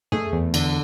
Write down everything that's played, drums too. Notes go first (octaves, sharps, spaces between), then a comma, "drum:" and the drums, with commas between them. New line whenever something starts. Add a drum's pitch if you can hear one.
A3 G#4, drum: tom
E2
D3, drum: cymbal